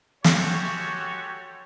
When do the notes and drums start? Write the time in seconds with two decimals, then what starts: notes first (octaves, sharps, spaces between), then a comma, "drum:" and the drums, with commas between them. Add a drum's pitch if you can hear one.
0.24 G#3 F#4 G4 A4 C#5 C#6, drum: snare